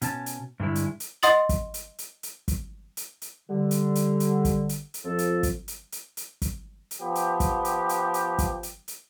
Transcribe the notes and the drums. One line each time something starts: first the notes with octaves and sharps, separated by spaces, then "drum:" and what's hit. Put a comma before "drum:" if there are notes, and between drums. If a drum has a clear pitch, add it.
B2 C#4 A5, drum: hi-hat
drum: hi-hat
G2 D3 G#3 E4
drum: hi-hat
drum: hi-hat
D#5 F#5 C6 D#6 A6 F#7, drum: hi-hat
drum: kick, hi-hat
drum: hi-hat
drum: hi-hat
drum: hi-hat
drum: kick, hi-hat
drum: hi-hat
drum: hi-hat
D3 G3
drum: hi-hat
drum: hi-hat
drum: hi-hat
drum: kick, hi-hat
drum: hi-hat
drum: hi-hat
F2 F3 A4
drum: hi-hat
drum: kick, hi-hat
drum: hi-hat
drum: hi-hat
drum: hi-hat
drum: kick, hi-hat
drum: hi-hat
F3 B3 G4
drum: hi-hat
drum: kick, hi-hat
drum: hi-hat
drum: hi-hat
drum: hi-hat
drum: kick, hi-hat
drum: hi-hat
drum: hi-hat